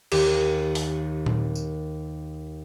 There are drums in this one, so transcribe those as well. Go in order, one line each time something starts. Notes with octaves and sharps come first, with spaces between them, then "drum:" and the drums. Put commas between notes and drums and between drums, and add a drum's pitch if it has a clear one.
D#2 G4, drum: cymbal
drum: open hi-hat
drum: tom A#2
drum: tambourine